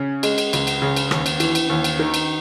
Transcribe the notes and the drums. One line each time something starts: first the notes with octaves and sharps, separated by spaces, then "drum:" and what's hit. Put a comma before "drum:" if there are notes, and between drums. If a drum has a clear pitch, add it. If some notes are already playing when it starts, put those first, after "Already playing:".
Already playing: C#3 C#4
G#3, drum: cymbal
drum: cymbal
C#2, drum: cymbal
drum: cymbal
C#3
drum: cymbal
D#2, drum: rim click
drum: cymbal
E3, drum: cymbal
drum: cymbal
D#2
drum: cymbal
D#3
drum: cymbal